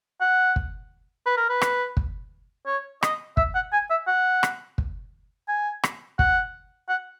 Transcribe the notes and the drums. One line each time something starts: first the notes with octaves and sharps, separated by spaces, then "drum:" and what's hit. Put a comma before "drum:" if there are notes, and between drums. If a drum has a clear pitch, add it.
F#5
drum: kick
B4
A#4
B4
drum: rim click
drum: kick
C#5
D#5, drum: rim click
E5, drum: kick
F#5
G#5
E5
F#5
drum: rim click
drum: kick
G#5
drum: rim click
F#5, drum: kick
F#5